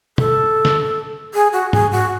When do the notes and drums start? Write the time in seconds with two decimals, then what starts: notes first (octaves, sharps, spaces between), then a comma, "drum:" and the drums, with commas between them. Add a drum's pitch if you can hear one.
0.18 A4, drum: tom
0.65 drum: snare
1.34 G#4
1.53 F#4
1.73 G#4, drum: tom G#2
1.92 F#4